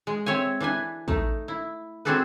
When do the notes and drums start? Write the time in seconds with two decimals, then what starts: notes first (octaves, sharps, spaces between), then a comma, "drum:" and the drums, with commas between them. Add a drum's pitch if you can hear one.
0.07 G#3
0.26 C4 C#5 E5 G#5
0.60 E3 D4 B4 G#5
1.08 A3 D#4, drum: kick A1
1.48 E4
2.05 C4 D4 F#4 G#4 A4 B4